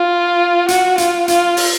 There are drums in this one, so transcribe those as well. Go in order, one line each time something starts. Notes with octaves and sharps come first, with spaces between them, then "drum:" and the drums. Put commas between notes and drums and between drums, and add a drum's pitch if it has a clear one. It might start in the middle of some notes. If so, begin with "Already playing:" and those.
Already playing: F4
F#4, drum: hi-hat
F4, drum: hi-hat
F4, drum: hi-hat
drum: open hi-hat